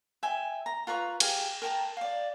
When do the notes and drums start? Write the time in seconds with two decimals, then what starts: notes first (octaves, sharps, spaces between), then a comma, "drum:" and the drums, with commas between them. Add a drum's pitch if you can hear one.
0.23 E5 G5 G#5
0.66 A#5
0.87 F4 B4 A#5 C#6
1.20 G4 G#4 F5, drum: cymbal
1.62 A#4 G5 A5 A#5
1.97 D5 F5